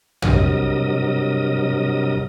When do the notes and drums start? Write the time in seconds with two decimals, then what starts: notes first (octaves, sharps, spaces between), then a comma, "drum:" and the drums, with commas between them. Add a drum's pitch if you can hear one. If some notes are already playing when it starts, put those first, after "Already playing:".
0.22 G2 C3 F#3 A#4 D#5 D#6, drum: tom